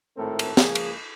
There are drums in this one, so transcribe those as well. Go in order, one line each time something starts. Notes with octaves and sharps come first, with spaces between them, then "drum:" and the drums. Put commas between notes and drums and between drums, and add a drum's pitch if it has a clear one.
G#1 A2 A3 C4 A4 A#4
drum: cymbal
C#2 F3 A#3 G#4, drum: snare
drum: cymbal